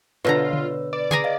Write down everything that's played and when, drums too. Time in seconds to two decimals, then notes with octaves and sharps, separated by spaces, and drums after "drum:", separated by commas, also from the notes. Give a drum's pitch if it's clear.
0.25 B2 D3 F4 B4 C#5 A#5 E6
0.53 drum: tom C#3
0.93 B4 D5
1.11 G#4 G#5 A#5, drum: tom C#3
1.24 D#5 F5